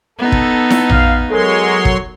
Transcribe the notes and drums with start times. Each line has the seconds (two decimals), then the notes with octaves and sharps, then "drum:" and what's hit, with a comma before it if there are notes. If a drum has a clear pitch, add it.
0.19 B3 D#4 A4
0.32 drum: kick
0.70 drum: snare E4
0.90 F5, drum: tom A#1
1.30 F#3 G#3 A4 A#4 C#5 C6
1.85 drum: kick